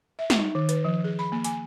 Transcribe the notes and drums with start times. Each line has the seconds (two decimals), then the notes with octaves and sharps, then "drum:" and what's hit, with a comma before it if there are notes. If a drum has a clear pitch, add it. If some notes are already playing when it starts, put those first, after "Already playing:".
0.19 E5
0.30 drum: snare G3
0.39 D#4
0.55 D#3
0.69 B4, drum: hi-hat
0.85 F3
1.04 G#4
1.19 B5
1.32 A#3
1.44 G#5, drum: hi-hat